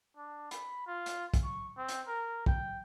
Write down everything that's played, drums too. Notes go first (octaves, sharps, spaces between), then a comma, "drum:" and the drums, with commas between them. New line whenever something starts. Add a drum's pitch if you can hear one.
D4
B5, drum: hi-hat
F4
drum: hi-hat
drum: kick, hi-hat
C#6
C4
drum: hi-hat
A#4
G5, drum: kick